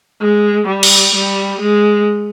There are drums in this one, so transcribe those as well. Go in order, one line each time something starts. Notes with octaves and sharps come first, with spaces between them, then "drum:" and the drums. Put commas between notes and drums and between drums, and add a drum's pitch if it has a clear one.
G#3
G3
drum: cymbal
G3
G#3